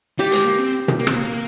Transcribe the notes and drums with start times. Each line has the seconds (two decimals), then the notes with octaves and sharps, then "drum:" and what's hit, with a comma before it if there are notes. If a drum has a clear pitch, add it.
0.19 G3 G4
0.32 G#3, drum: hi-hat
0.46 A#3
0.59 C4
0.88 drum: tom
0.99 A#3
1.07 C4, drum: rim click
1.14 A#3